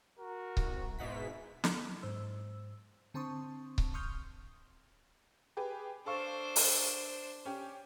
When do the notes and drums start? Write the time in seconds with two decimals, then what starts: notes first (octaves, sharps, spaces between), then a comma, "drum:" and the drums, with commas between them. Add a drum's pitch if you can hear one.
0.19 F#4 A#4
0.57 C2, drum: kick C#1
0.99 G#2 B2 E4 B6
1.64 F#3 E4 A4, drum: snare
2.03 G#2 C5 E6
3.14 D3 C4 A5 C6 C#6 D#6
3.78 drum: kick C#1
3.94 C6 C#6 D#6 F6 G6
5.57 G4 G#4 B4
6.06 D4 A4 C5 F5 C#6
6.56 drum: open hi-hat
7.45 C#4 G4